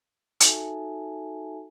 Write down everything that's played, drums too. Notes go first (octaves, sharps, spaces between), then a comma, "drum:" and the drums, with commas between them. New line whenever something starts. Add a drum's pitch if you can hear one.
D#4 F#4 A4 E5 G#5 A5, drum: hi-hat